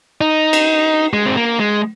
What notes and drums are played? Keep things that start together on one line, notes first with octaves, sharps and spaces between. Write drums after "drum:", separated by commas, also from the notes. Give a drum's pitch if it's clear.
D#4
drum: cymbal
G#3
C4
A#3
G#3